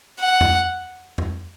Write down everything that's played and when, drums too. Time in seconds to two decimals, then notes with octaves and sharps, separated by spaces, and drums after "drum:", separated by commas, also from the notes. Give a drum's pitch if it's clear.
0.20 F#5
0.41 drum: tom F2
1.18 drum: tom F2